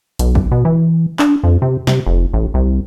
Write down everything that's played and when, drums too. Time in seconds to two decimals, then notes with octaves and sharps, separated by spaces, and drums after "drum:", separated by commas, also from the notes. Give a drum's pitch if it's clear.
0.19 B1, drum: hi-hat
0.35 drum: kick
0.51 B2
0.65 E3
1.19 D4, drum: clap
1.44 F2
1.62 C3
1.87 C3, drum: snare
2.06 F1
2.33 A1
2.54 C2